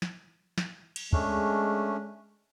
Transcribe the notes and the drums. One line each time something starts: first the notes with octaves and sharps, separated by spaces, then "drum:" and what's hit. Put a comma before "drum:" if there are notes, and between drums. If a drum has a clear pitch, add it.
drum: snare
drum: snare
drum: cymbal
G#3 A3 C#4 D4, drum: kick D2